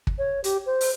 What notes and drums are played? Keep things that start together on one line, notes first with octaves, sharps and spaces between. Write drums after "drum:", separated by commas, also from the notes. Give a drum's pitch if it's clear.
drum: kick
C#5
G4, drum: hi-hat
C5
drum: open hi-hat